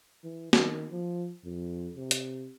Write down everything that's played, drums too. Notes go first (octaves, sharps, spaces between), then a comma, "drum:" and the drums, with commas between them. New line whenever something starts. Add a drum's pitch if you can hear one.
E3
D#3, drum: snare
F3
F2
C3
drum: hi-hat